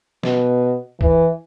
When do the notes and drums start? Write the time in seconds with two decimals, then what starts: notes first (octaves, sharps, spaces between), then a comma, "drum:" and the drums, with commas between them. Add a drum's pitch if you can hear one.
0.23 B2, drum: snare
1.01 E3, drum: kick